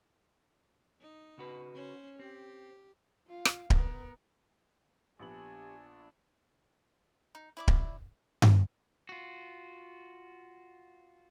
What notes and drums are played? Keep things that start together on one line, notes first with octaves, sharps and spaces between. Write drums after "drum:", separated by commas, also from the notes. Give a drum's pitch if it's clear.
D#4
C#3 F#4 B4
C#4 C5
C4 G4
F4 F5
drum: rim click
B3 A#4, drum: kick D1
A#1 B3 D4 G4 G#5 F#7
D#4
E4 D5 D6
drum: kick D1
drum: tom G2
F4 F#4